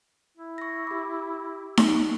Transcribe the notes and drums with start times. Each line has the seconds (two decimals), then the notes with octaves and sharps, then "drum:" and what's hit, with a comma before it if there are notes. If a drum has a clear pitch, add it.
0.37 E4
0.58 C#6 A#6
0.87 G4 D6
1.77 drum: snare D#4